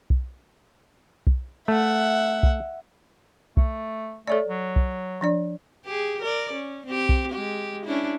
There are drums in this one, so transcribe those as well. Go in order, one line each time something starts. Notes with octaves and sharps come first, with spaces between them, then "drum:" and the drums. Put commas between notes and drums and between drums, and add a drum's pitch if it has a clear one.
drum: kick B1
drum: kick B1
A3 E5 F#5
drum: kick B1
A3, drum: kick B1
A3 A4 C#5 D5
F#3
drum: kick B1
F3 D4 D5
G4 G#4
A#4 D5
C#4
C4 G4
drum: kick B1
G#3 G4
C#4 D4 E4